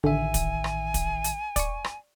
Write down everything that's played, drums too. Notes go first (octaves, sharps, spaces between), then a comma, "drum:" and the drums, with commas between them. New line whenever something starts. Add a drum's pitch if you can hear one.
A1 D3 D#3 E5 G#5
drum: kick, hi-hat
drum: rim click
drum: kick, hi-hat
drum: hi-hat
D5 C#6, drum: kick, hi-hat
drum: rim click